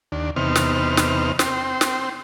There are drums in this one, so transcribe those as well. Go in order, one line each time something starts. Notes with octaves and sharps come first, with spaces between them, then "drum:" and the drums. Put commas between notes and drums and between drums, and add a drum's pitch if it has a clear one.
D#2 D4
E2 C3 B3 D#4 C5 F6
drum: snare
drum: snare
C4 G5 C6, drum: snare
drum: snare